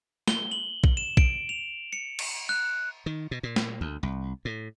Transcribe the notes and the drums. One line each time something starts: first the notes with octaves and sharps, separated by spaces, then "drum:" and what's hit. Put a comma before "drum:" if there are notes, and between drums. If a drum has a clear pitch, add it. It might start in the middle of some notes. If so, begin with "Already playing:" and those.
G7, drum: snare
F#7
drum: kick B1
E7
D7, drum: kick B1
F7
C#7
drum: cymbal
F#6
D#3
B2
A#2
drum: snare
D2
C2
A2